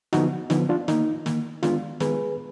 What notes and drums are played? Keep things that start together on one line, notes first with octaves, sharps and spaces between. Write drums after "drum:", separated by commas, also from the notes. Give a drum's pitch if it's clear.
D3 F3 B3 D#4 F#4, drum: snare
D3 F3 B3 D#4, drum: snare
D4 F4
D#3 A#3 D#4, drum: snare
D#3 A#3, drum: snare
D#3 G#3 B3 D4 F4, drum: snare
D#3 G#3 B3 G#4 B4, drum: snare